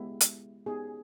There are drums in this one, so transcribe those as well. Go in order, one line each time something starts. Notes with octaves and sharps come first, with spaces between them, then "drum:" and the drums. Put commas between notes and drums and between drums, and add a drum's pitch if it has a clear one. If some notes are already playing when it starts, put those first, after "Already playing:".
Already playing: G#3 B3 E4 G4
drum: hi-hat
B3 D#4 G4 G#4